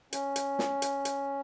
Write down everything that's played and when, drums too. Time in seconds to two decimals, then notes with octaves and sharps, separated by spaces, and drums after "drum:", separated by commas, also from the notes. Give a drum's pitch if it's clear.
0.13 C#4, drum: hi-hat
0.36 drum: hi-hat
0.59 drum: snare
0.82 drum: hi-hat
1.05 drum: hi-hat